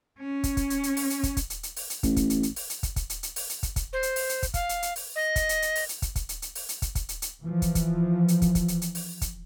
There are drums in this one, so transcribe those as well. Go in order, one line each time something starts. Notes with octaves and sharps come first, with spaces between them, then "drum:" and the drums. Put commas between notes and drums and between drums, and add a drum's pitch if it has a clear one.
C#4
drum: kick, hi-hat
drum: kick, hi-hat
drum: hi-hat
drum: hi-hat
drum: open hi-hat
drum: hi-hat
drum: kick, hi-hat
drum: kick, hi-hat
drum: hi-hat
drum: hi-hat
drum: open hi-hat
drum: hi-hat
A1, drum: kick, hi-hat
drum: kick, hi-hat
drum: hi-hat
drum: hi-hat
drum: open hi-hat
drum: hi-hat
drum: kick, hi-hat
drum: kick, hi-hat
drum: hi-hat
drum: hi-hat
drum: open hi-hat
drum: hi-hat
drum: kick, hi-hat
drum: kick, hi-hat
C5
drum: hi-hat
drum: open hi-hat
drum: hi-hat
drum: kick, hi-hat
F5, drum: kick, hi-hat
drum: hi-hat
drum: hi-hat
drum: open hi-hat
D#5
drum: kick, hi-hat
drum: hi-hat
drum: hi-hat
drum: open hi-hat
drum: hi-hat
drum: kick, hi-hat
drum: kick, hi-hat
drum: hi-hat
drum: hi-hat
drum: open hi-hat
drum: hi-hat
drum: kick, hi-hat
drum: kick, hi-hat
drum: hi-hat
drum: hi-hat
E3 F3
drum: kick, hi-hat
drum: kick, hi-hat
drum: hi-hat
drum: kick, hi-hat
drum: kick, hi-hat
drum: hi-hat
drum: hi-hat
drum: open hi-hat
drum: kick, hi-hat